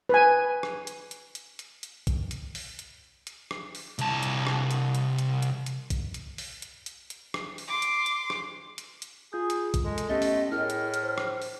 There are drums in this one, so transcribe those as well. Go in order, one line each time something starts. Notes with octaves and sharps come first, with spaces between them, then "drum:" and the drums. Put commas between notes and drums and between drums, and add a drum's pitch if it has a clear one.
B4 G#5
drum: rim click
drum: hi-hat
drum: hi-hat
drum: hi-hat
drum: hi-hat
drum: hi-hat
drum: kick, hi-hat
drum: hi-hat
drum: open hi-hat
drum: hi-hat
drum: hi-hat
drum: rim click
drum: open hi-hat
C2 A5, drum: hi-hat
drum: hi-hat
drum: rim click
drum: hi-hat
drum: hi-hat
drum: hi-hat
drum: hi-hat
drum: hi-hat
drum: kick, hi-hat
drum: hi-hat
drum: open hi-hat
drum: hi-hat
drum: hi-hat
drum: hi-hat
drum: rim click
drum: open hi-hat
C6 D6
drum: hi-hat
drum: hi-hat
drum: rim click
drum: hi-hat
drum: hi-hat
F4 G#4 G6
drum: hi-hat
drum: kick, hi-hat
G#3 A4
drum: hi-hat
A3 B3 C#4 G4 D#5
drum: open hi-hat
A2 E4 G#4 A#4 F6
drum: hi-hat
drum: hi-hat
C5 A#6
drum: rim click
drum: open hi-hat